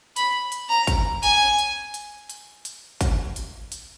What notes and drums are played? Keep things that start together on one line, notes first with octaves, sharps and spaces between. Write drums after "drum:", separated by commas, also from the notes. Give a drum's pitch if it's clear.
B5, drum: hi-hat
drum: hi-hat
A#5
drum: kick, hi-hat
G#5, drum: hi-hat
drum: hi-hat
drum: hi-hat
drum: hi-hat
drum: hi-hat
drum: kick, hi-hat
drum: hi-hat
drum: hi-hat